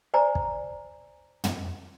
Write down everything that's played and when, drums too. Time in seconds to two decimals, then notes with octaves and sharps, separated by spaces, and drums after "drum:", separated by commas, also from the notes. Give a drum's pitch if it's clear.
0.14 C5 D5 G#5 A#5
0.35 drum: kick
1.44 drum: tom